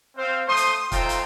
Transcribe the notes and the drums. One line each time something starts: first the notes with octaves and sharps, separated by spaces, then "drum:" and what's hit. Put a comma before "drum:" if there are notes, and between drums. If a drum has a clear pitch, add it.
C4 C5 F5
A3 C5 C6 D#6
drum: hi-hat
A3 D#4 F4 C5 G5 A#5, drum: kick, hi-hat
drum: hi-hat